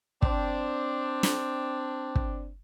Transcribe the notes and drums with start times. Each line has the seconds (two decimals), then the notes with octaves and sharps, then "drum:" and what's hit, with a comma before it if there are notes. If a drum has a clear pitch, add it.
0.22 C4 D4, drum: kick
1.23 drum: snare
2.15 drum: kick